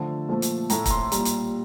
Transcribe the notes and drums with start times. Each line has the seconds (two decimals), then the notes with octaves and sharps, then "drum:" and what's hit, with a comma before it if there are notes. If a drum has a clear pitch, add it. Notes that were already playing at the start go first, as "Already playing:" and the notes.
Already playing: D3 F3 A3 A5
0.28 A#2 F3 A3
0.42 drum: hi-hat
0.70 A2 A3 A#5, drum: hi-hat
0.86 A#5, drum: kick, hi-hat
0.91 C6
1.12 A#2 G3 A#5, drum: hi-hat
1.25 drum: hi-hat